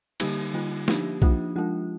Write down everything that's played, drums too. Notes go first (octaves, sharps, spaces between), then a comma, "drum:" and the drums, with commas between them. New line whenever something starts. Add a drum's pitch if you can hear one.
D3 G3 A#3 D#4 G4, drum: cymbal
D3 G3 A#3 F4
F3 A#3 D4 D#4 G4, drum: snare
F3 A#3 D4 F4, drum: kick B1
F3 G#3 D4 F4